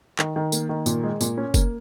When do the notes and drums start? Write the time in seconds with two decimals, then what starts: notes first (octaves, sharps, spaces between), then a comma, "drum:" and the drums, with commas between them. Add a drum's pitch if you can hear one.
0.19 D#3, drum: clap
0.36 D#3
0.52 A#3, drum: tambourine
0.69 D#3
0.86 A#2, drum: tambourine
1.04 G#3
1.21 A#2, drum: tambourine
1.38 C#4
1.54 A#3, drum: kick, tambourine